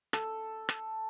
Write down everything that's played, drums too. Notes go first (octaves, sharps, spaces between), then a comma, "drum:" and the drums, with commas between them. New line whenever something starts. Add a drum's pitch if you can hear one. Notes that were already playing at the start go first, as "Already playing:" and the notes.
A4, drum: rim click
drum: rim click